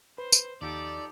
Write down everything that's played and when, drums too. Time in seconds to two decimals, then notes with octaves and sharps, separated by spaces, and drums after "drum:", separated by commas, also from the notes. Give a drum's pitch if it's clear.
0.18 B4 C5
0.32 drum: tambourine
0.62 D#2 F3 D#4 G4 A4 D5